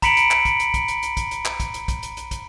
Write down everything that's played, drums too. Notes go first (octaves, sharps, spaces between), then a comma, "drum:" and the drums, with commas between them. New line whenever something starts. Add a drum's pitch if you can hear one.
A#5 B5 B6 C#7 D7 F#7, drum: kick, hi-hat
drum: hi-hat
drum: clap
drum: kick, hi-hat
drum: hi-hat
drum: kick, hi-hat
drum: hi-hat
drum: hi-hat
drum: kick, hi-hat
drum: hi-hat
drum: clap
drum: kick, hi-hat
drum: hi-hat
drum: kick, hi-hat
drum: hi-hat
drum: hi-hat
drum: kick, hi-hat